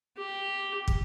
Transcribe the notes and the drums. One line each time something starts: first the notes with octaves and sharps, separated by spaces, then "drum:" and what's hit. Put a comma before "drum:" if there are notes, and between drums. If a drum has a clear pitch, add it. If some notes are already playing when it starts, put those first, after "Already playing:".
G4
drum: kick